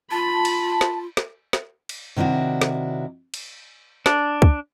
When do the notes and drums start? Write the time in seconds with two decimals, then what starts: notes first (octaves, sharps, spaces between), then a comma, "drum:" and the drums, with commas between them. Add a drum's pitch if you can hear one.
0.11 F4 A5 B5
0.45 drum: cymbal
0.81 drum: snare
1.17 drum: snare
1.53 drum: snare
1.89 drum: cymbal
2.16 C3 D#3 D4 E4 F#4
2.61 drum: snare
3.34 drum: cymbal
4.06 D4, drum: snare
4.42 drum: kick